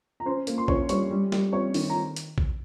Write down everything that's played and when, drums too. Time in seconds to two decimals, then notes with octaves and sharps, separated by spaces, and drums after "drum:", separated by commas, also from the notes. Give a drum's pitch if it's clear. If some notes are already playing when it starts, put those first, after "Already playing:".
0.20 A#5
0.25 C#4 C5 C6
0.47 A#3, drum: hi-hat
0.58 C6
0.68 C#4 C#5 C#6, drum: kick A#1
0.89 G3 C#5 C#6, drum: hi-hat
1.11 G3
1.32 G3, drum: snare
1.53 C4 C#5 C#6
1.74 D#3, drum: open hi-hat
1.90 A#5
2.16 drum: hi-hat
2.38 drum: kick A#1